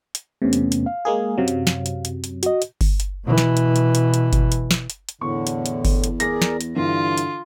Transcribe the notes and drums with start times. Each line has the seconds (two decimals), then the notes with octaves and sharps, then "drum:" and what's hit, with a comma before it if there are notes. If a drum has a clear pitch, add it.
0.15 drum: hi-hat
0.42 E2 C3 A3 B3 C#4
0.53 drum: hi-hat
0.72 drum: hi-hat
0.86 F5
1.05 G#3 A#3 G#4
1.38 F#2 C3 F#3
1.48 drum: hi-hat
1.67 drum: snare
1.86 drum: hi-hat
2.05 drum: hi-hat
2.24 drum: hi-hat
2.43 F#4 D#5, drum: hi-hat
2.62 drum: hi-hat
2.81 drum: kick G1, open hi-hat
3.00 drum: hi-hat
3.24 B2 E3
3.38 drum: snare
3.57 drum: hi-hat
3.76 drum: hi-hat
3.95 drum: hi-hat
4.14 drum: hi-hat
4.33 drum: kick G1, hi-hat
4.52 drum: hi-hat
4.71 drum: snare
4.90 drum: hi-hat
5.09 drum: hi-hat
5.21 E2 A2 D3 C#6
5.47 drum: hi-hat
5.66 drum: hi-hat
5.85 drum: kick G1, open hi-hat
6.04 drum: hi-hat
6.20 G#4 A#4 D5 A#6, drum: hi-hat
6.42 drum: snare
6.61 drum: hi-hat
6.76 G2 D3 E3 F4
7.18 drum: hi-hat